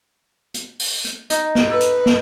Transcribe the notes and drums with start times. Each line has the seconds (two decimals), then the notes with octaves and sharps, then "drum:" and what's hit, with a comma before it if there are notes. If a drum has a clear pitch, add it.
0.54 drum: hi-hat
0.80 drum: open hi-hat
1.05 drum: hi-hat
1.30 D#4, drum: hi-hat
1.55 drum: snare
1.70 A4 B4
1.80 drum: hi-hat
2.06 drum: snare